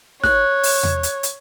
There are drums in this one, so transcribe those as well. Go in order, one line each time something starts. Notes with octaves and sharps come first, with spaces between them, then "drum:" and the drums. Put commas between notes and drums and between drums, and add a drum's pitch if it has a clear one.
C#5 F#6, drum: snare
drum: open hi-hat
drum: tom E2
drum: hi-hat
drum: hi-hat